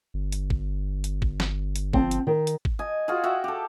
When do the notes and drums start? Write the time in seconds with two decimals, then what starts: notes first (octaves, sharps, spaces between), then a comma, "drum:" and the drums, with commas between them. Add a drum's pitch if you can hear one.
0.14 G1
0.32 drum: hi-hat
0.50 drum: kick
1.04 drum: hi-hat
1.22 drum: kick
1.40 drum: snare
1.76 drum: hi-hat
1.93 F3 C4 A5, drum: kick
2.11 drum: hi-hat
2.27 D#3
2.47 drum: hi-hat
2.65 drum: kick
2.79 D#5 G#5
3.08 F4 F#4 G#4
3.24 F#4 E5 F#5 G5
3.44 G4 A4